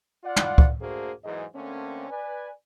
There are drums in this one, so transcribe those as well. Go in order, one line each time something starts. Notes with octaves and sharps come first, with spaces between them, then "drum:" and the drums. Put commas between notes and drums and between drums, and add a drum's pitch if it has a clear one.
F4 D5 F#5
drum: tom
drum: kick C#2
A3 A#3 D4 F#4 G#4 C5
E2 G#2 E3 F#3 G#4 D#5
D3 A3 A#3 C4 C#4
B4 D5 G#5